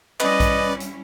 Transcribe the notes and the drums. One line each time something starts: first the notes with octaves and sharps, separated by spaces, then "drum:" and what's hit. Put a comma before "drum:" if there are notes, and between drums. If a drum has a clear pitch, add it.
G3 C#4 E4 B4 D5 D#5, drum: clap
drum: kick A#1, hi-hat
drum: hi-hat